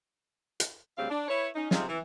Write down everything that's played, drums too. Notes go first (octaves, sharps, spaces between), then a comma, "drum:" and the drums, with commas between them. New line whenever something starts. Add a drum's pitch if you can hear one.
drum: hi-hat
D2 C#3 G3 C4 F5
D4
E4 B4 C#5
C#4 D#4
C3 C4 D#4 F4 G#4, drum: snare
E3